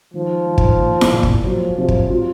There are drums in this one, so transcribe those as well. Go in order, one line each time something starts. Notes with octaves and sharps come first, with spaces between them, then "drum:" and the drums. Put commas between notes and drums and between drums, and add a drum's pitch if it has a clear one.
D#3 F3
D#3
drum: kick
A#2
drum: snare E4
A#2
drum: kick
F3 F#3
C3 F3
drum: kick
F4